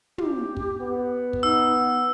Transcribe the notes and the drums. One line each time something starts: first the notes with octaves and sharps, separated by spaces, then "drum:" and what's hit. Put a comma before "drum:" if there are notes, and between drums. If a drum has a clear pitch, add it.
G4, drum: tom
drum: kick
B3
drum: kick
D#4 E6